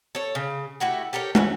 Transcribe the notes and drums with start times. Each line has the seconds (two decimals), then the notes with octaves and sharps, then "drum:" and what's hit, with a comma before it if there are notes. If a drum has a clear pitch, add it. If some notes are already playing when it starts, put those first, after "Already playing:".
0.15 A4 C#5
0.35 C#3
0.80 A3 E4 F#4 G4
1.13 G4 A4 A#4 C#5
1.35 E3 C#4 F#4, drum: tom